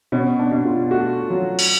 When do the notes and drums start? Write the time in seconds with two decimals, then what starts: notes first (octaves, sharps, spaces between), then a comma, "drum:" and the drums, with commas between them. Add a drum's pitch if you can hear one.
0.12 B2 C#4
0.39 D4
0.52 B2
0.65 F4
0.91 A3 F#4
1.30 F#3
1.59 drum: cymbal